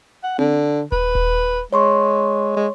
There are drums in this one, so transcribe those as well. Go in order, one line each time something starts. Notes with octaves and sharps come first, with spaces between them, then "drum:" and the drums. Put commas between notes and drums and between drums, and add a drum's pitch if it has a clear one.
F#5
D3, drum: tom C4
B4, drum: kick D#1
drum: kick D#1
G#3 C#5 C6 C#6
G#3